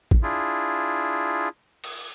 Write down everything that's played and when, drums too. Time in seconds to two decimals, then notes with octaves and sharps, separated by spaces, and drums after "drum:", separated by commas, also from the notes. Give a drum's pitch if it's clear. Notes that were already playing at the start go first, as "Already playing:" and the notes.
0.11 drum: kick
0.23 D4 E4 F4 G#4
1.84 drum: cymbal